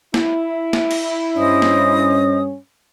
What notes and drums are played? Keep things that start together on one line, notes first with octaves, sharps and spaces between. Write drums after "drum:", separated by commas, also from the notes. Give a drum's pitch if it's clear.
E4, drum: snare
drum: snare
drum: cymbal
G2 C#4 C5 D#5 D#6
drum: snare